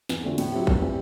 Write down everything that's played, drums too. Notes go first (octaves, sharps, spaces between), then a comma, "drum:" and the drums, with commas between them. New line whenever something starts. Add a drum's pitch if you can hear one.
E2, drum: snare
D3 A3 C4 F#4
A2, drum: cymbal
F#3 C4 E4 G4
G2, drum: kick A1
E3 G3 C4